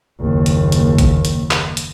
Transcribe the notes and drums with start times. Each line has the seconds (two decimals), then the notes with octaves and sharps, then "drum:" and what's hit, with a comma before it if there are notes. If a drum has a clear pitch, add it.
0.20 F#1 D#2
0.46 drum: hi-hat
0.72 drum: hi-hat
0.98 drum: kick, hi-hat
1.25 drum: hi-hat
1.51 drum: clap
1.77 drum: hi-hat